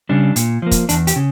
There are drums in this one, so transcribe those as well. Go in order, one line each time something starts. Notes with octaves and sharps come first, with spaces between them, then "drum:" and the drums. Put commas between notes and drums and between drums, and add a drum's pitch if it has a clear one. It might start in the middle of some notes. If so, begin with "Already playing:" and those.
C#3 G3 D4
A#2, drum: hi-hat
F3 A#3
drum: kick, hi-hat
E2 D4, drum: hi-hat
G4, drum: hi-hat
C#3